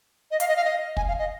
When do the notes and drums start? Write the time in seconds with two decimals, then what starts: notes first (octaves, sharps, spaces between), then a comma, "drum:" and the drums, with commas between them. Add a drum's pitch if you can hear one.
0.31 D#5
0.40 F5, drum: hi-hat
0.48 D#5
0.56 F5
0.64 D#5
0.97 G#5, drum: kick
1.08 F5
1.19 D#5